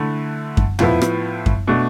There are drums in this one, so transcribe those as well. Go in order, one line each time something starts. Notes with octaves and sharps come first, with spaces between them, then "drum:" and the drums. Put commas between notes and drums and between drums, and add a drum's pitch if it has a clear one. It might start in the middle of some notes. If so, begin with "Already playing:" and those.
Already playing: D3 A3 E4
drum: kick F#2
A2 F3 B3 E4, drum: tom
drum: rim click
drum: kick F#2
B2 A3 D4